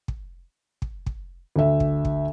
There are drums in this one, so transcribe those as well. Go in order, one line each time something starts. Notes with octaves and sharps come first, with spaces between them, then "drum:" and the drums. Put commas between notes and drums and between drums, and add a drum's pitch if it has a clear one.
drum: kick
drum: kick
drum: kick
D2 E5
drum: kick
drum: kick